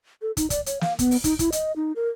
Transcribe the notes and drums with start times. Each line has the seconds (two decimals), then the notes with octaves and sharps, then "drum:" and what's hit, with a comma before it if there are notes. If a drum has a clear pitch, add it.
0.22 A4
0.37 D#4, drum: kick, hi-hat
0.50 D5, drum: kick, hi-hat
0.66 C#5, drum: hi-hat
0.81 F5, drum: snare
0.99 B3, drum: kick, hi-hat
1.11 drum: open hi-hat
1.24 D#4, drum: kick, hi-hat
1.39 E4, drum: kick, hi-hat
1.52 D#5, drum: hi-hat
1.76 D#4
1.96 A#4